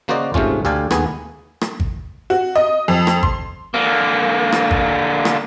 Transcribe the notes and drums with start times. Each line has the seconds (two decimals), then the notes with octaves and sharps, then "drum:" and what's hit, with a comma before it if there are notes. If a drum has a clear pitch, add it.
0.08 C#3 A#3 F#4 C5 D5 D#5
0.34 G#2 C3 A3 C#4 F4, drum: kick G#1
0.65 D2 G4 A4 D5 F5 G#5
0.91 D#2 B3 G#4 G#5, drum: rim click
1.61 drum: rim click
1.80 drum: kick G#1
2.30 F#4
2.56 D#5
2.88 F2
3.07 drum: rim click
3.23 C6, drum: kick G#1
3.74 D3 A#3
4.52 drum: rim click
4.71 drum: kick G#1
5.25 drum: rim click